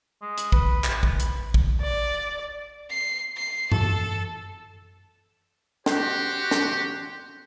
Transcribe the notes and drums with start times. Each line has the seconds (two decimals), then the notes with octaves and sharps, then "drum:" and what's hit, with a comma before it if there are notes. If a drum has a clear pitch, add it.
0.22 G#3
0.38 drum: hi-hat
0.52 B4, drum: kick
0.84 drum: clap
1.03 drum: kick
1.20 drum: hi-hat
1.54 drum: kick
1.81 D5
2.90 C7
3.37 C7
3.72 A4, drum: tom F#2
5.86 F#4 G4 C5, drum: snare
6.51 drum: snare